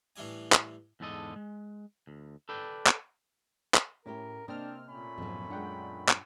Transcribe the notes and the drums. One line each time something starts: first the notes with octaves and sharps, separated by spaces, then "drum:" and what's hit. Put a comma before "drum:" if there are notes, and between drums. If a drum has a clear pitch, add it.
A2 E3 G3 D4 G#5
drum: clap
E2 G#2 D3 A4 D#5
G#3
D2
A4 B4 D5 G5
drum: clap
drum: clap
A2 C#4 E4 G4 A#4
C3 A#3 C4 D4 A#4 D#5 G5 F6
A#2 A3 C#4 B5
F2 G#2 B2 F3 F#3
F#2 G#3 D4 F#5 G5
drum: clap